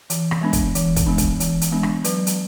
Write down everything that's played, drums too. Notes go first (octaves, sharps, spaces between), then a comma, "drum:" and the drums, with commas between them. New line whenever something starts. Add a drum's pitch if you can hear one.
E3, drum: hi-hat
drum: rim click
G#3 B3 D4
drum: kick, hi-hat
E3, drum: hi-hat
drum: kick, hi-hat
G#3 B3 D4
drum: kick, hi-hat
E3, drum: hi-hat
drum: hi-hat
G#3 B3 D4
drum: rim click
F#3 B4, drum: hi-hat
drum: hi-hat